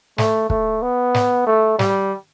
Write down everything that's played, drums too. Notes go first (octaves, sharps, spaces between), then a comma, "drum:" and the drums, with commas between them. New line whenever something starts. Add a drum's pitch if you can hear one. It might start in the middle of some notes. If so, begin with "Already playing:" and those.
A3, drum: snare
A3, drum: kick
B3
drum: snare
A3
G3, drum: snare